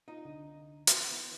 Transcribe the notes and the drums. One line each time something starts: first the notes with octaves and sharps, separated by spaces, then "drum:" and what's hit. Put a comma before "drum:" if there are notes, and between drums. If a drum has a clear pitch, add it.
D#4 F4
C2 D3 D4
drum: hi-hat
D#3 B3 E4